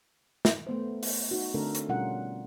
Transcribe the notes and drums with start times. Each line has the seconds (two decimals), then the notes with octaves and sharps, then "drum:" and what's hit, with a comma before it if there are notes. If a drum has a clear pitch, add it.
0.45 drum: snare
0.67 A3 B3 C5
1.03 drum: open hi-hat
1.31 D#4 F#4
1.54 D3 A3 C4 D4 A4 A#4
1.75 drum: hi-hat
1.89 B2 G3 C#4 F4 A#4 F#5